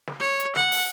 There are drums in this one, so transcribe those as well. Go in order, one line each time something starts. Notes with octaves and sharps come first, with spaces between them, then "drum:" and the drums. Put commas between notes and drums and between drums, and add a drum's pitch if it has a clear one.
drum: snare
C#5
drum: hi-hat
F#5, drum: snare
drum: open hi-hat